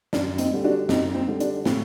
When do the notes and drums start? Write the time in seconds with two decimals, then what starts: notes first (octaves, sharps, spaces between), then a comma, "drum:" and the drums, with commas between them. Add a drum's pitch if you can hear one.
0.13 F#2 D4, drum: snare
0.38 C4 D#4, drum: hi-hat
0.52 D3 G3
0.64 D4 F#4
0.89 F#2 C4 D#4, drum: snare
1.15 C4
1.28 D3 G3
1.40 D4, drum: hi-hat
1.65 A2 C4, drum: snare